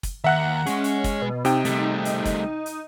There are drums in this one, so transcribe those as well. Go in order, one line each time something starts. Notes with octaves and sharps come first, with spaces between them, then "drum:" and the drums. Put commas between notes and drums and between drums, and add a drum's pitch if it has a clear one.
drum: kick, hi-hat
D#2 E5 F#5 A#5 F#6
G#3 C#4 G#4, drum: hi-hat
drum: hi-hat
drum: kick, hi-hat
B2
C3 D#4 G5, drum: hi-hat
G3 A3, drum: hi-hat
drum: hi-hat
drum: kick, hi-hat
drum: hi-hat